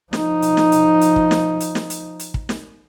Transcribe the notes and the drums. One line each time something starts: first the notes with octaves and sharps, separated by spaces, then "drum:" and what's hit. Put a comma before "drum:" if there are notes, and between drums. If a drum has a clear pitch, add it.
F3 D#4, drum: snare
drum: hi-hat
drum: snare
drum: hi-hat
drum: hi-hat
drum: kick
drum: snare
drum: hi-hat
drum: snare
drum: hi-hat
drum: hi-hat
drum: kick
drum: snare